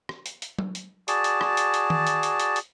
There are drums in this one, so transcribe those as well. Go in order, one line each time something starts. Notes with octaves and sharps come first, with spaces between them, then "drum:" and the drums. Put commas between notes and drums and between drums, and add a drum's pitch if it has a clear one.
drum: rim click
drum: hi-hat
drum: hi-hat
drum: tom F#3
drum: hi-hat
F#4 G#4 D5 A5, drum: hi-hat
drum: hi-hat
drum: rim click
drum: hi-hat
drum: hi-hat
drum: tom D#3
drum: hi-hat
drum: hi-hat
drum: hi-hat
drum: hi-hat